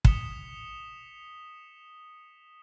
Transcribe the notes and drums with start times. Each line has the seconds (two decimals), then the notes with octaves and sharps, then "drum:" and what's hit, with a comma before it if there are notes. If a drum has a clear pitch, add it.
0.05 D#6 B6 C#7 E7 F7 G7, drum: kick